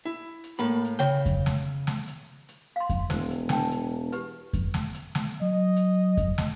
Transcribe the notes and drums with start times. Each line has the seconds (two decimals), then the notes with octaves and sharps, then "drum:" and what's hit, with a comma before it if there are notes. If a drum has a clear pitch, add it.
0.05 E4
0.44 drum: hi-hat
0.59 A2 A#3 B5
0.85 drum: hi-hat
0.99 C#3 G5
1.26 drum: kick F2, hi-hat
1.46 drum: snare
1.87 drum: snare
2.08 drum: hi-hat
2.49 drum: hi-hat
2.76 F5 C6
2.90 drum: kick F2, hi-hat
3.10 E1 C5, drum: snare
3.31 drum: hi-hat
3.49 D4 G5 A5, drum: snare
3.71 drum: hi-hat
4.12 G4 B4, drum: hi-hat
4.53 drum: kick F2, hi-hat
4.74 drum: snare
4.94 drum: hi-hat
5.15 drum: snare
5.42 F#3 D#5
5.76 drum: hi-hat
6.17 drum: kick F2, hi-hat
6.38 drum: snare